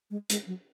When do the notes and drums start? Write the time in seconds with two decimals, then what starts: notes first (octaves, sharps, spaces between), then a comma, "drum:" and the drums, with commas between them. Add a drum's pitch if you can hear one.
0.11 G#3
0.30 G#3, drum: hi-hat
0.47 F#3